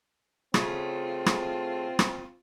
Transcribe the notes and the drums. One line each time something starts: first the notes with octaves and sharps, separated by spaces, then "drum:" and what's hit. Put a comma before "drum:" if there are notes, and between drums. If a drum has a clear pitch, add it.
C#3 A3 C4 F4, drum: rim click
drum: rim click
drum: rim click